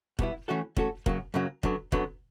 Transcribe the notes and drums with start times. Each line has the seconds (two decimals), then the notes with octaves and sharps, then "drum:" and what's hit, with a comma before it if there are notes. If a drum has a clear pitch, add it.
0.19 B2 G3 B3 E4, drum: kick
0.48 E3 A3 C#4 F#4 A4
0.77 E3 A3 C#4 F#4 A4, drum: kick
1.06 F#2 C#3 F#3 A#3, drum: kick
1.34 F#2 C#3 F#3 A#3
1.63 F#2 D3 F#3 B3, drum: kick
1.92 F#2 D3 F#3 B3, drum: kick